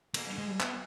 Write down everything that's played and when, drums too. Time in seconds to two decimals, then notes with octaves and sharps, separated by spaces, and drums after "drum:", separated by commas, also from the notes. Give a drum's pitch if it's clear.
0.14 A#3, drum: cymbal
0.38 G#3
0.61 B3, drum: clap